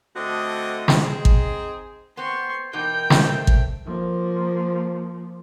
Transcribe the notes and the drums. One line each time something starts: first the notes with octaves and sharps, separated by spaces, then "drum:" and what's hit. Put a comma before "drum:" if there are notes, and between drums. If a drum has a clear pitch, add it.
D3 A3 C4 F#4 D#5
drum: snare
C4 D#4 G#4
drum: kick
B3 C4 C6 C#6
E2 B2 D#4 A#4 G5 G6
drum: snare
A3 C4
drum: kick
F3 A#3